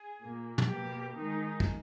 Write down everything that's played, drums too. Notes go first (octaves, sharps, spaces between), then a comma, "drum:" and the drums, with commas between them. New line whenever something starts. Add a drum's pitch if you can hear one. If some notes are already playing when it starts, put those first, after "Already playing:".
Already playing: G#4
A#2 A#3
drum: tom
B2 A#3 G4
D#3 G#3 D#4
drum: kick